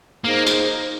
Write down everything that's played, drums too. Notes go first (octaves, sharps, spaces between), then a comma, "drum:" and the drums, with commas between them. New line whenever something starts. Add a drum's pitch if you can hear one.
A#3 D#4 G#4 C5
drum: tambourine